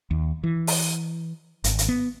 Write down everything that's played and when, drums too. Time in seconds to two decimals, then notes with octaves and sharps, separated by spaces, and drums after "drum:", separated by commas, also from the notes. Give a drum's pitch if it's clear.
0.11 D#2
0.44 E3
0.67 drum: open hi-hat
1.64 G#1, drum: hi-hat
1.78 drum: hi-hat
1.89 B3